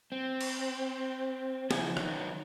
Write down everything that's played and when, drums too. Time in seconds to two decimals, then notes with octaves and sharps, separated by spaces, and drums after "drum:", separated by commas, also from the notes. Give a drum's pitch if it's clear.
0.12 C4
0.41 drum: cymbal
1.71 C#3 F3 E4 F#4 G#5, drum: snare
1.97 D#3 F#3 D#4, drum: rim click